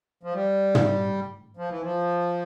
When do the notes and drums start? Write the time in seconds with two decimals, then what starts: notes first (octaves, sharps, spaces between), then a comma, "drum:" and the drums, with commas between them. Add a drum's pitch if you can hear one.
0.23 F3
0.34 G3
0.75 drum: tom
1.57 F3
1.69 E3
1.82 F3